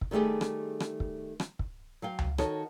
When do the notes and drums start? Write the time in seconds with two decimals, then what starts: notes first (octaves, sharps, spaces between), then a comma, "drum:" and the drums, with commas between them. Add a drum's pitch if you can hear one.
0.01 drum: kick
0.11 D#3 G3 A3 G4 G#4
0.41 drum: rim click
0.80 drum: rim click
1.00 drum: kick
1.40 drum: rim click
1.59 drum: kick
2.02 F#3 F5 G5
2.19 drum: tom C#2
2.38 D#3 F#4 A4 C#5 D#5, drum: rim click